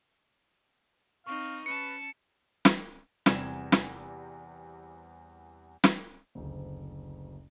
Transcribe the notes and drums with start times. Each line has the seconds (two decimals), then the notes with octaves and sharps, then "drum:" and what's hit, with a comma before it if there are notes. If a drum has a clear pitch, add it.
1.26 C4 D#4 F5 C#6
1.66 C#4 B4 A5 C#7
2.65 drum: snare
3.26 E2 C3 G3 G4 G#6 E7, drum: snare
3.72 drum: snare
5.84 drum: snare
6.35 F#1 D2